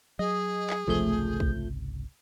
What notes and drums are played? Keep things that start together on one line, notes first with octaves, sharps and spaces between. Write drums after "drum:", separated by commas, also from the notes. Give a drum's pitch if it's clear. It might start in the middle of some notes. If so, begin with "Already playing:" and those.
F#3 G#4 D#5
drum: clap
G#1 C#2 C3 F3 A3 G6
drum: kick